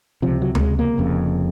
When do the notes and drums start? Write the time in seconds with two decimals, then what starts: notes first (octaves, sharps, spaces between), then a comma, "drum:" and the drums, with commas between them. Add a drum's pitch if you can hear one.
0.22 C#2 C3 F3
0.42 F#3
0.55 A#3, drum: tom D2
0.60 G#3
0.79 A#3
0.98 F1 F2 C#3